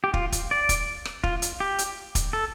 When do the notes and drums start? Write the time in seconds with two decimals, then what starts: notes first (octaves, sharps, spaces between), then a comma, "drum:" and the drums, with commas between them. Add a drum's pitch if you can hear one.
0.04 G4
0.14 F4, drum: kick
0.32 drum: kick, hi-hat
0.51 D5
0.69 drum: kick, hi-hat
1.05 drum: rim click
1.24 F4, drum: kick
1.42 drum: hi-hat
1.60 G4
1.78 drum: hi-hat
2.15 drum: kick, hi-hat
2.33 A4